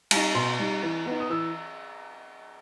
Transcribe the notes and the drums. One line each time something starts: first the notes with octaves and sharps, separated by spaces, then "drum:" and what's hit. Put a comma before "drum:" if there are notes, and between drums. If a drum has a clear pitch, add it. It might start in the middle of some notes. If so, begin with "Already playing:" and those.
G3 D#4, drum: cymbal
B2 C6
G3 D#4
E3
B3 D#4
D#6
E3 E6